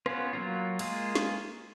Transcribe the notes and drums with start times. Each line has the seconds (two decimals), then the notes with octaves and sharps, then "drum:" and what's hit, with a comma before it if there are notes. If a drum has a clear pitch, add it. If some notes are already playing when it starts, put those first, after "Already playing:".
0.06 B3 C#4 F4, drum: rim click
0.33 F#3 A#3 F4
0.79 G#3 A#3 F4 G#4, drum: cymbal
1.15 drum: snare